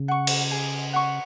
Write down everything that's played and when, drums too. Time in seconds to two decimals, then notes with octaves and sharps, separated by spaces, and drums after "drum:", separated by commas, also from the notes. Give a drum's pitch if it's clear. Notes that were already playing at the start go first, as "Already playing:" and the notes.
Already playing: C#3
0.08 F#5 C#6
0.27 drum: cymbal
0.51 G#4
0.93 F#5 C#6